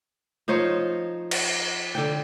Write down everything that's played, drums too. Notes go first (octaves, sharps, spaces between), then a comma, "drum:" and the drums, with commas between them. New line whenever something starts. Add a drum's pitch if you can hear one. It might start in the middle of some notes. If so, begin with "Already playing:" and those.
F3 D#4 C5 C#5
drum: cymbal
D3 G5